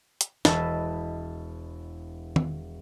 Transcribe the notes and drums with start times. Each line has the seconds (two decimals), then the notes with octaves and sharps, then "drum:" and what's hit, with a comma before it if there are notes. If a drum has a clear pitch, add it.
0.21 drum: hi-hat
0.45 E1 B4 D#5 A5 E6, drum: snare
2.36 drum: tom D#3